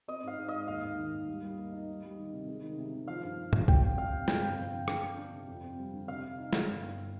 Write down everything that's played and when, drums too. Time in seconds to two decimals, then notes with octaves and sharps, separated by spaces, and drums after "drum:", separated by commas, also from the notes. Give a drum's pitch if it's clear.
0.08 C4 D#5
0.23 G#2 F5
0.38 G#2
0.48 G#2 D#5
0.68 D#2 F5
0.84 D#2
0.98 D#3
1.13 D#2
1.28 G3
1.43 G3
1.58 A#3
1.73 D#4
1.88 G3
2.03 G3
2.18 D#3
2.34 C3
2.48 G#3
2.62 D#3
2.78 C3
2.93 D#3
3.08 F3 F5
3.23 G2
3.38 G2
3.53 F3, drum: tom
3.68 G1 G5, drum: kick C#2
3.83 C3
3.98 G1 F5
4.13 C3
4.28 G1 G5, drum: snare
4.44 F2
4.58 F2
4.73 D3
4.88 D4, drum: rim click
5.03 D4
5.18 D4
5.33 C3
5.48 F2
5.63 C4
5.79 G3
5.93 D3
6.08 C3 F5
6.23 C3
6.38 D#4
6.53 D#4, drum: snare
6.69 G1
6.83 G1